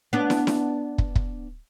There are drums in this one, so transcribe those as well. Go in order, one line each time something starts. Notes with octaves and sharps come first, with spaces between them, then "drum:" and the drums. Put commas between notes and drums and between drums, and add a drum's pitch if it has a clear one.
B3 D4
drum: snare
drum: snare
drum: kick
drum: kick